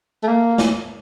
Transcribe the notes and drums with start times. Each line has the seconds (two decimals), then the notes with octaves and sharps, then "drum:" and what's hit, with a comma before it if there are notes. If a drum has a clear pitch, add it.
0.23 A3
0.28 A#3
0.58 drum: snare